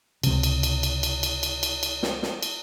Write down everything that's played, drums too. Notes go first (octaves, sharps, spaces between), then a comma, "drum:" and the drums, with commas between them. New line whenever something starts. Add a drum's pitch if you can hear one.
C#2 C3, drum: cymbal
drum: cymbal
drum: cymbal
drum: cymbal
drum: cymbal
drum: cymbal
drum: cymbal
drum: cymbal
drum: cymbal
drum: snare
drum: snare
drum: cymbal